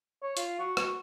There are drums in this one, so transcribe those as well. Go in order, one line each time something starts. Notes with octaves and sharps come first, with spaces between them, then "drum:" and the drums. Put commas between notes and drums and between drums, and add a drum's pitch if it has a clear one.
C#5
F4, drum: hi-hat
F#4
F#4, drum: rim click